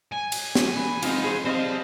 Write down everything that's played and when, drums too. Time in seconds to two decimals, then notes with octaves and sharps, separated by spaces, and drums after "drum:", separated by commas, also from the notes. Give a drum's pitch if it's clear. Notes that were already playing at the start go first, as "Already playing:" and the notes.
0.12 G#5
0.32 drum: cymbal
0.55 drum: snare
0.76 E3
1.03 G#3 B3 C4 D#4 F4, drum: cymbal
1.22 E3 G#4 C5
1.45 G3 C4 C5 D#5 F5